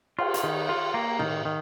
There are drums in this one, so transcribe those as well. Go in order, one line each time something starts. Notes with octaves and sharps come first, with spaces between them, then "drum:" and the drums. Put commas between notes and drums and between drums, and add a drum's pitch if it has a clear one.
F4, drum: cymbal
drum: hi-hat
D#3
F4
A#3
D#3, drum: tom A2
D#3